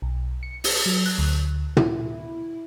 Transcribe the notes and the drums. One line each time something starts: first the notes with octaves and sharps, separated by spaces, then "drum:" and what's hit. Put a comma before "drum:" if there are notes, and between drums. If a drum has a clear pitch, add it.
B1
C#7
drum: open hi-hat
F#3
F#6
D2
E4, drum: tom